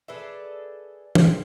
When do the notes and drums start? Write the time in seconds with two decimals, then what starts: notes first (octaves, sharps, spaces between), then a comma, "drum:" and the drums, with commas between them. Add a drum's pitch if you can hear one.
0.08 G#4 A4 B4 D5 E5
1.15 D#1 D3 G#3 C4, drum: tom